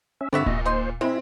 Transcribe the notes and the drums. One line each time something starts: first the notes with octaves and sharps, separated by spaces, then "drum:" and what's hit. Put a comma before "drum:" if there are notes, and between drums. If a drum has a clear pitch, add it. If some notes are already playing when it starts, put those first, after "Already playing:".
C#4 E5
G2 D3 C4 D4 F#4 E5
A#2 D#5, drum: kick D1
D#4 C5 D#5 C6
G#3 C4 E4